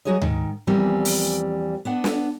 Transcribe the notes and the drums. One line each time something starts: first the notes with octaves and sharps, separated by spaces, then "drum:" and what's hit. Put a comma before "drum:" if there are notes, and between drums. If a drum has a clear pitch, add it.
F#3 F#4 G#4 C#5 D#5
G#2 D#3, drum: tom D2
E2 E3 F3 G3 A#3 C4
drum: open hi-hat
B3 D4 F#5
drum: snare